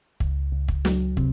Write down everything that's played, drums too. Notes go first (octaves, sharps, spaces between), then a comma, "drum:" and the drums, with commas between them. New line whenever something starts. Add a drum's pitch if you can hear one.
C#2, drum: kick
C#2
drum: kick
F#3, drum: snare
C3, drum: kick